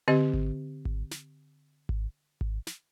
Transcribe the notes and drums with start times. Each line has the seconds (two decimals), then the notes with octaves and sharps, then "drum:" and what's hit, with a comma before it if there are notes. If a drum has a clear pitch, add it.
0.08 D3 C4 G4 D#5
0.33 drum: kick G#1
0.85 drum: kick G#1
1.11 drum: snare
1.89 drum: kick G#1
2.41 drum: kick G#1
2.67 drum: snare